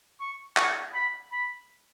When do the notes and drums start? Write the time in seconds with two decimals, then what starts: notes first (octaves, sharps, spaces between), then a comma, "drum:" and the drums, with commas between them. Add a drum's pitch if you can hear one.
0.20 C#6
0.57 C#6, drum: clap
0.94 B5
1.32 B5